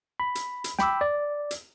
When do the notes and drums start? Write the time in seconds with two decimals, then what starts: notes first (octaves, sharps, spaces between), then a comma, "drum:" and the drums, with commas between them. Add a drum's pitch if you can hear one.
0.20 B5
0.35 drum: hi-hat
0.64 drum: hi-hat
0.79 G5 B5 D6 E6, drum: snare
1.01 D5
1.51 drum: hi-hat